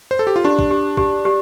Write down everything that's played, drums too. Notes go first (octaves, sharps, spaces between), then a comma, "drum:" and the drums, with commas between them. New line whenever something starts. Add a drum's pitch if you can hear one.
C5
A4
G4
F4
D4 G4
drum: kick
G4
G4, drum: kick
G4